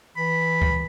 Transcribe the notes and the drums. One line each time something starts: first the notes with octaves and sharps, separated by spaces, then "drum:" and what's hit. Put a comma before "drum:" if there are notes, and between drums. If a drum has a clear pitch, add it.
E3 B5
drum: kick C#2